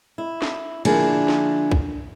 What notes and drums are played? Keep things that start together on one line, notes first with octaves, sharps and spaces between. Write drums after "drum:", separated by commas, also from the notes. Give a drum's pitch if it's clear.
E4
drum: snare
D3 F3 A#3 D4 E4 G#4, drum: cymbal
drum: snare
drum: kick